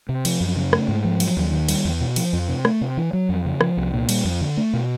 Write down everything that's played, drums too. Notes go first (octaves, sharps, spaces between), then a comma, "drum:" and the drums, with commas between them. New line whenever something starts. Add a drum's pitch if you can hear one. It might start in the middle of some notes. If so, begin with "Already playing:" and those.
C3
F3, drum: cymbal
F#2
C#3
A3, drum: rim click
G#2
F3
F#3, drum: cymbal
D#2
D#3
G3, drum: cymbal
E2
B2
F3, drum: cymbal
F2
C3
A3, drum: rim click
C3
E3
F#3
F2
C#3
F3, drum: rim click
C2
A#2
G3, drum: cymbal
F2
D3
A3
B2